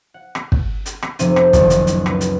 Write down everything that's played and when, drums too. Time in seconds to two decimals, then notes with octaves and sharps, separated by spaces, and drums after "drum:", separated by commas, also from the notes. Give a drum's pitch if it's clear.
0.14 F#5
0.35 drum: rim click
0.52 drum: kick
0.86 drum: hi-hat
1.02 drum: rim click
1.19 F1 C3 E5 D#7, drum: hi-hat
1.36 drum: rim click
1.53 F#1 C#2 D#3 F#5, drum: kick, hi-hat
1.70 drum: hi-hat
1.87 drum: hi-hat
2.06 B4, drum: rim click
2.21 drum: hi-hat